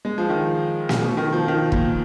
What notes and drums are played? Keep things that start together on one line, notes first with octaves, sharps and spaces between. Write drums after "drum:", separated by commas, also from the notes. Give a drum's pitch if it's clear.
G#3
F3
D#3
drum: snare
B2
D#3
F3
D#3
A#2, drum: kick